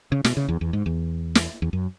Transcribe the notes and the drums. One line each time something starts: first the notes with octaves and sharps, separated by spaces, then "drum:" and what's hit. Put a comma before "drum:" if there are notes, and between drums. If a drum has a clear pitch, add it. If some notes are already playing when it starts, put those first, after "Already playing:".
C#3
B2, drum: snare
C#3
E2
E2
G#2
E2
drum: snare
E2
F#2